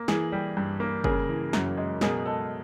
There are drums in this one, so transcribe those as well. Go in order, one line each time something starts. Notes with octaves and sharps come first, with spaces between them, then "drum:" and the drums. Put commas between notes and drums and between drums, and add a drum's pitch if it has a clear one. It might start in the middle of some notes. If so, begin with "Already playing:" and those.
Already playing: A#3
E3 G#4, drum: snare
G3
G2
A#3
C#3 G#4 A#4, drum: kick F#1
E3
F#2, drum: snare
G#3
B2 G#4 A#4, drum: snare
G#3 A4